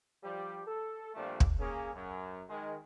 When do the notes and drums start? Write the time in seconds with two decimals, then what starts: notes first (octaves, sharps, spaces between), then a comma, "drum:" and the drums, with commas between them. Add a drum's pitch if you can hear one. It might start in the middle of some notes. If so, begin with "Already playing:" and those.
0.23 F3 G3 G4
0.66 A4
1.15 A#2 F3 G3 A3 C4 D4
1.40 drum: kick
1.59 A#3 C#4 G#4
1.94 F#2
2.49 D#3 G#3